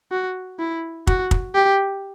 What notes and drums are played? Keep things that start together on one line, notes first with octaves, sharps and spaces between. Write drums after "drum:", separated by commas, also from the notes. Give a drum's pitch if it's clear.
F#4
E4
F#4, drum: kick
drum: kick
G4